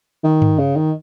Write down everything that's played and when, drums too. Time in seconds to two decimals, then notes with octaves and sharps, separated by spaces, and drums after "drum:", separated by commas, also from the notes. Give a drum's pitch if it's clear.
0.24 D#3
0.42 drum: tom G2
0.59 C#3
0.76 D#3